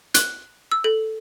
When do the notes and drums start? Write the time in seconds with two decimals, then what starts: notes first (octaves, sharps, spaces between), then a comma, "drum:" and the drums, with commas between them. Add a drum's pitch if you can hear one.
0.14 F#6, drum: hi-hat
0.72 E6
0.84 A4